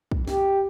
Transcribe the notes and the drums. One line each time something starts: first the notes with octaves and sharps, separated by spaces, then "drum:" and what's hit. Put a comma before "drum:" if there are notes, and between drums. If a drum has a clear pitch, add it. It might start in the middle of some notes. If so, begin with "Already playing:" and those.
drum: kick
G4, drum: snare